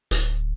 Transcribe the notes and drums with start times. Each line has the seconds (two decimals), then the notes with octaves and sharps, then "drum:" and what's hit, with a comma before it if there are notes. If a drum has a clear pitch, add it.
0.11 D1, drum: hi-hat